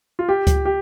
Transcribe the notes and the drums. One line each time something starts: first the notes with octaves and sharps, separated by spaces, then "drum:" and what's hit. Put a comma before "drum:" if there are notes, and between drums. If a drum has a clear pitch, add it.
F4
G4
drum: kick C#2, hi-hat
G4